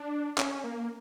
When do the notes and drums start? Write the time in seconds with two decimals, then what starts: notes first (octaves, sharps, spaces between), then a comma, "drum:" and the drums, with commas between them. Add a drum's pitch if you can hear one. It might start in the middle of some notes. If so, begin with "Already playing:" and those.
Already playing: D4
0.38 C#4, drum: clap
0.64 A#3